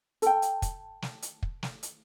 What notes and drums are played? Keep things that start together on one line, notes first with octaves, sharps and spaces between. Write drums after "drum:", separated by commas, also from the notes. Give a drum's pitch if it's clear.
A4 G5, drum: hi-hat
drum: hi-hat
drum: kick, hi-hat
drum: snare
drum: hi-hat
drum: kick
drum: snare
drum: hi-hat